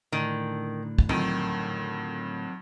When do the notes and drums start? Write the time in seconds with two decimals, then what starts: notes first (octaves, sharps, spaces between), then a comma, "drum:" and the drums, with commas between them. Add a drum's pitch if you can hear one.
0.12 A2 D3 D#3 D4
0.99 drum: kick
1.09 F2 D#3 F#3